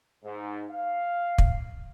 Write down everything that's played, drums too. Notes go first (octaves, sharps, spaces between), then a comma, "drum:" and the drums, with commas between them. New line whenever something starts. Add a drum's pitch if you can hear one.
G#2
F5
drum: kick